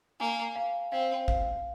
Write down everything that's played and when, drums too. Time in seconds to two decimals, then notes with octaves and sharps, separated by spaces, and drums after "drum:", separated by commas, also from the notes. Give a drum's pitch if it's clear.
0.20 A#3 G#5
0.56 F5
0.92 C4 F5
1.28 F5, drum: kick A1